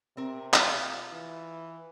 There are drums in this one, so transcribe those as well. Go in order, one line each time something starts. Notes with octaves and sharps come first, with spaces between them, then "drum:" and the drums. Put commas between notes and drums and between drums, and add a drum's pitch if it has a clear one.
C3 C4 A#4
F4, drum: clap
E3